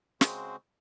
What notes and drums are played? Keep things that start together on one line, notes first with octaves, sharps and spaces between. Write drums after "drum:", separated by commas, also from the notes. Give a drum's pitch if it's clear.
C#3 G#3 C4 F#4 G#4 C5, drum: snare